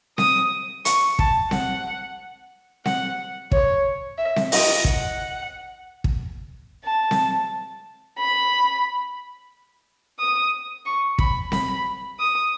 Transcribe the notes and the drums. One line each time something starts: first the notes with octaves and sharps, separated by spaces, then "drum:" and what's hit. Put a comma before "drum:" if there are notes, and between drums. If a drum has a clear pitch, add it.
D#6, drum: snare C4
C#6, drum: hi-hat
A5, drum: kick
F#5, drum: snare C4
F#5, drum: snare C4
C#5, drum: kick
E5
drum: snare C4
D#5, drum: open hi-hat
F#5, drum: kick
drum: kick
A5
drum: snare C4
B5
D#6
C#6
B5, drum: kick
B5, drum: snare C4
D#6